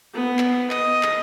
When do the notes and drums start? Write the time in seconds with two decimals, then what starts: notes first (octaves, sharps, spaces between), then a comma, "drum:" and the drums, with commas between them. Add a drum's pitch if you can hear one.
0.14 B3
0.39 drum: clap
0.71 D#5, drum: clap
1.03 drum: clap